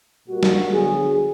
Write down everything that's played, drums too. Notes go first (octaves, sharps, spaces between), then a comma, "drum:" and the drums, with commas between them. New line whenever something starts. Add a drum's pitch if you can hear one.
A#2 G3 A#3 F#4
drum: snare
D3 F#3 B3 G#4